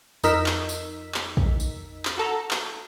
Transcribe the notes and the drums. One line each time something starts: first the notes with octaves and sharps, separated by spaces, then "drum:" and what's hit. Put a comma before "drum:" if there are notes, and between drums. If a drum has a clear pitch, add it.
F2 D#4 A#4 E6 B6, drum: tambourine
drum: clap
drum: tambourine
drum: clap
drum: kick
drum: tambourine
drum: clap
F#4 A4 A#5
drum: clap